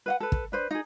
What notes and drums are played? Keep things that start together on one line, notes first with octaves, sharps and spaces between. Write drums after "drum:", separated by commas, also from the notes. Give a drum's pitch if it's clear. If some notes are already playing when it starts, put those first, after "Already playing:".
B4 F5 F#5
A4 B4
drum: kick
D4 B4 C5
D#4 G#4